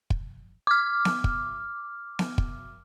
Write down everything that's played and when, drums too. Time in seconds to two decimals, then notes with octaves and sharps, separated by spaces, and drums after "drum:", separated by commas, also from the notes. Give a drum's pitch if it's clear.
0.10 drum: kick
0.67 D6 F6
1.05 drum: snare B3
1.24 drum: kick
2.19 drum: snare B3
2.38 drum: kick